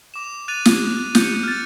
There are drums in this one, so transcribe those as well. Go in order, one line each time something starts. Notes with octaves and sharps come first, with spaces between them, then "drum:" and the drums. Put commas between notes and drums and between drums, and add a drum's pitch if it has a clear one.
D6 E7
F#6 A6 D#7 F7
drum: snare
G6 C#7, drum: snare
F6 A6